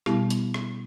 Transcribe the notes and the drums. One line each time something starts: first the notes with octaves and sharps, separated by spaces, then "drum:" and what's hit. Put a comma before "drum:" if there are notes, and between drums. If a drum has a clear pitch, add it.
B2 G3 B3 E4 G4, drum: rim click
drum: hi-hat
drum: rim click